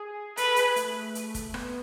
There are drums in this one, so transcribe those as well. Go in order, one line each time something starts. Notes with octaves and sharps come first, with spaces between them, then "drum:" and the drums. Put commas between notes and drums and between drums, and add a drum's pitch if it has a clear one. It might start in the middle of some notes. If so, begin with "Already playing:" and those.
Already playing: G#4
A4 B4, drum: hi-hat
G#4, drum: hi-hat
A3, drum: hi-hat
drum: hi-hat
drum: kick, hi-hat
B3, drum: rim click